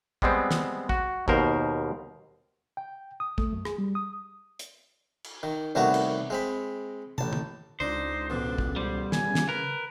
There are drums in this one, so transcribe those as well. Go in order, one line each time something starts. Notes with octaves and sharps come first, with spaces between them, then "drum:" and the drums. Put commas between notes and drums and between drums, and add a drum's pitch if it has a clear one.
G3 G#3 B3 C4, drum: kick
drum: snare
F#4, drum: kick
D#2 B2 A#4 C5, drum: kick
G5
D#6
A3, drum: kick
F#2
G#4, drum: rim click
G3
D#6
drum: hi-hat
drum: cymbal
D#3
C2 D#3 A3 B3 F#4 C#5
drum: cymbal
G#3 C4 B5
A1 A5, drum: tom
drum: tom
C#2 D4 D#4 C5
A1 B2 D4
drum: kick
G3 C5
C#3 G#5, drum: snare
drum: snare
A#4 B4